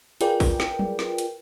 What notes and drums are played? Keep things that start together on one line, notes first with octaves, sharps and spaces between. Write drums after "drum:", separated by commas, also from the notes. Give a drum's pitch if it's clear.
F4 G#4 A#4 B4 D5 G5, drum: hi-hat
drum: kick, open hi-hat
drum: snare
drum: tom F#3
drum: snare
drum: hi-hat